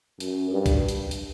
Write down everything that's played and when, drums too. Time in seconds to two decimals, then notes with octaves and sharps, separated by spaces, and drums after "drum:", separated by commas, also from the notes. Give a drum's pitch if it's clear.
0.20 F#2, drum: hi-hat
0.51 G2
0.66 drum: kick B1, hi-hat
0.88 drum: hi-hat
1.11 drum: hi-hat